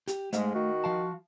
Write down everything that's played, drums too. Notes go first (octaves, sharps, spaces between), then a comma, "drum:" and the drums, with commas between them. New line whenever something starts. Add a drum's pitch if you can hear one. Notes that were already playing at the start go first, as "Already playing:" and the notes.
G4, drum: hi-hat
G#2 G#3 A3 F5, drum: hi-hat
D#3 F#4
F3 F5 A5